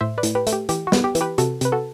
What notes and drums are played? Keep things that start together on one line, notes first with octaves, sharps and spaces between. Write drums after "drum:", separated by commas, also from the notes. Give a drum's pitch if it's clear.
A2 C5 E5
B4 D5
A2, drum: hi-hat
G4 B4
A3, drum: hi-hat
G4
E3 G4, drum: hi-hat
F#4
B3, drum: snare
G4
E3, drum: hi-hat
G4 B4
C3 F#4 A4, drum: hi-hat
C3 B4, drum: hi-hat
F#4 A4